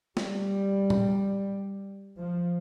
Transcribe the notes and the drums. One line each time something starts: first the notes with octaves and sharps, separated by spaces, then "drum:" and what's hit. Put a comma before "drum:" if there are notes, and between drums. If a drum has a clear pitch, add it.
G3, drum: snare
drum: tom A2
F3